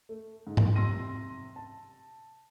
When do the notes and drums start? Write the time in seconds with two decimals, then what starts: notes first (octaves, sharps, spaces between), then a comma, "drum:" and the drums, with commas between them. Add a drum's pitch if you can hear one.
0.09 A3
0.47 G#2
0.57 drum: tom G#2
0.75 C3 C6 E6 A#6 D#7
1.56 A5